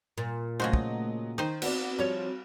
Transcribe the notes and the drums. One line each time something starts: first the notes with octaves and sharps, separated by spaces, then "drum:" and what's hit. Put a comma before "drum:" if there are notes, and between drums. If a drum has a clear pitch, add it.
A#2
C#3 F#3 A3 F#4 C5 D#5
drum: kick
D#3 D#4 C5 G5
B3 C4 F#4 D5, drum: cymbal
F3 G3 C#5